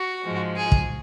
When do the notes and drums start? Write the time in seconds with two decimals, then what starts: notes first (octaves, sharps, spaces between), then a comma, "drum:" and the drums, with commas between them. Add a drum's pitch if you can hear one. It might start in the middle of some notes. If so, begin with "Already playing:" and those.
Already playing: F#4
0.24 G#2 F3 G#3
0.56 G#4
0.72 drum: kick